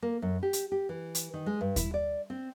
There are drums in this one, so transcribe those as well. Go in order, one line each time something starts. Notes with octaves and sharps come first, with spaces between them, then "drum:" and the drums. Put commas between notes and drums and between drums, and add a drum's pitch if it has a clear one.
A#3
F#2
G4
drum: hi-hat
G4
E3
drum: hi-hat
D#3
G#3
G2
E4, drum: kick D#2, hi-hat
D5
C4